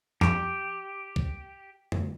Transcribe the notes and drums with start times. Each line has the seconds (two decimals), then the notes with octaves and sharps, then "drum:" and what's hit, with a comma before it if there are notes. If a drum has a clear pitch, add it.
0.21 F2 G4, drum: snare
1.16 drum: kick
1.92 drum: tom F2